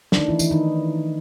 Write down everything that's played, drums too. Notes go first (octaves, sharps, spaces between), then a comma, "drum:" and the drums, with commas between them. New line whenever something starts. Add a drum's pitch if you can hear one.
D4, drum: snare
D3 D#3 F3 A3 D#4
E3 E4
E3 E4, drum: tambourine
D#3 D#4